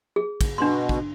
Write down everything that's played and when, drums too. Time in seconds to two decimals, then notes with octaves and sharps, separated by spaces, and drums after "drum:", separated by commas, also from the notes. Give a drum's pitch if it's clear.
0.16 G#4
0.41 drum: kick, cymbal
0.58 B2 D4 C6
0.89 drum: kick